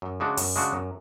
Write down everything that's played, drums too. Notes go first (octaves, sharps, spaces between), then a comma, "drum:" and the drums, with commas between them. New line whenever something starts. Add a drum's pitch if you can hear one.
F#2
C#3 G#3 D4 F#4
F#2, drum: open hi-hat
C#3 G#3 D4 F#4
F#2